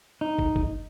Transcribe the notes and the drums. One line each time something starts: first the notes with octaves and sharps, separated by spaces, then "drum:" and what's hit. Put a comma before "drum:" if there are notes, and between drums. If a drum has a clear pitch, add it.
D#4
drum: kick
drum: kick